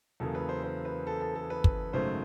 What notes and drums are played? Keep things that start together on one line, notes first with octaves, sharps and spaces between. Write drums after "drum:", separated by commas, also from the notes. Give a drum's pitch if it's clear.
E2 C#3 F#3 A#3 A4
B4
C5
C5
B4
A4
A4
A4
B4
drum: kick
G#1 F#2 C#3 F#3 A3 C5